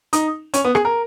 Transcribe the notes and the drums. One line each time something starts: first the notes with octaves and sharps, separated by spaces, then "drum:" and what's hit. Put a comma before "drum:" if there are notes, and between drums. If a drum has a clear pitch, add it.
D#4, drum: hi-hat
C#4, drum: hi-hat
B3
G#4, drum: rim click
A#4